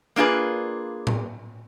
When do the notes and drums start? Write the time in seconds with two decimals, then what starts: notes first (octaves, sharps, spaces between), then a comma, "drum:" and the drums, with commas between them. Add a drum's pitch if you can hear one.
0.16 A#3 D4 F4 G#4 B4
1.07 drum: tom A2